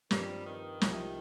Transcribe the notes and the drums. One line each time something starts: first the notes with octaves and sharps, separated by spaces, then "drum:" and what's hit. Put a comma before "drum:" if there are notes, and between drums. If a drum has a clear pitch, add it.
G2 D#3 F3 G3 C4 G4, drum: snare
D#3
C2 C3 F3, drum: snare